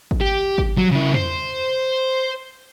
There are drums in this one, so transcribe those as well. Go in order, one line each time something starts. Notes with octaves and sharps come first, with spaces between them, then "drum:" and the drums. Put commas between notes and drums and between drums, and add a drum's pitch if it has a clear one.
drum: kick
G4
drum: kick
F#3
C#3 E4
C5, drum: tom